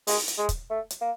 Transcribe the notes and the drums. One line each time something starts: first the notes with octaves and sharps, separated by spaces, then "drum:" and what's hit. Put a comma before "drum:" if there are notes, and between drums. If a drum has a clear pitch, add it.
G#3, drum: open hi-hat
drum: hi-hat
G#3
drum: kick, hi-hat
A3
drum: hi-hat
A#3